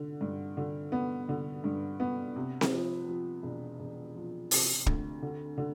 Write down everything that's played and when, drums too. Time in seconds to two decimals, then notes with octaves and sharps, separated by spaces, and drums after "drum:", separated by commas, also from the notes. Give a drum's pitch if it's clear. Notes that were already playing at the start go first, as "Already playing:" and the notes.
Already playing: D3
0.21 G2
0.57 D3
0.92 B3
1.29 D3
1.64 G2
2.00 B3
2.36 C3
2.61 drum: snare C4
2.72 F3
3.08 F3
3.43 E1
3.79 E1
4.15 F3
4.51 C3, drum: open hi-hat
4.86 D2, drum: kick
5.22 D3
5.57 D3